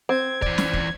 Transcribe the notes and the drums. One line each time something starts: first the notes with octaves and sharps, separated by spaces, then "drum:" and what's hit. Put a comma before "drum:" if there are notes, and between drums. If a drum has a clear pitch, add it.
C4 G#6
E3 D5, drum: kick
drum: snare
drum: kick